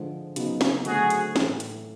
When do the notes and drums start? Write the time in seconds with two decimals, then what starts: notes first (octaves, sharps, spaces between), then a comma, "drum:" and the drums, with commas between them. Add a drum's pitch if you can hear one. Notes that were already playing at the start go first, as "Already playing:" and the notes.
Already playing: D3 F3 G#3
0.36 C#3 F#3 B3 D#4, drum: hi-hat
0.61 drum: snare
0.85 D3 F#3 A3 C4 F#4 G#4, drum: hi-hat
1.10 drum: hi-hat
1.36 A2 E3 A3, drum: snare
1.60 drum: hi-hat